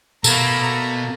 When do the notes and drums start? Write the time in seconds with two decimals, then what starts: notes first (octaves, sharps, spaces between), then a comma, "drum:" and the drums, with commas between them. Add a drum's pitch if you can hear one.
0.24 B2 A3 A#3 A4 A#5 B5, drum: tambourine